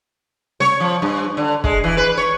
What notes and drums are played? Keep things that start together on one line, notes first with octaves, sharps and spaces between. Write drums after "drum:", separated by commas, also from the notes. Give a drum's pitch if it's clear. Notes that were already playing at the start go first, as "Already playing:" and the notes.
C#5, drum: snare
F3
G2
D3
G#3, drum: kick
E3
B4
C#5